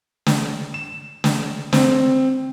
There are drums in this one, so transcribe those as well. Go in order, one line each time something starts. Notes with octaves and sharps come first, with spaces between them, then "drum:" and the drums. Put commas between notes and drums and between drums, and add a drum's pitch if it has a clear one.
drum: snare
E7
drum: snare
C4, drum: snare